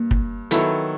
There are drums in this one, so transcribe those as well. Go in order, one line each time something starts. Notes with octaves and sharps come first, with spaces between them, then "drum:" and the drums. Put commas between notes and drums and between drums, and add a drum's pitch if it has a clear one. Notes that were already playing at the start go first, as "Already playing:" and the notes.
Already playing: G2 A#3
drum: kick
D#3 F#3 B3 E4 A4, drum: hi-hat